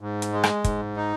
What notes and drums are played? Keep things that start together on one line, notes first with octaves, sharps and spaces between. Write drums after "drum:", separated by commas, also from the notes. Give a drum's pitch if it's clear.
G#2
drum: hi-hat
G#3
drum: rim click
G#2, drum: kick, hi-hat
D#4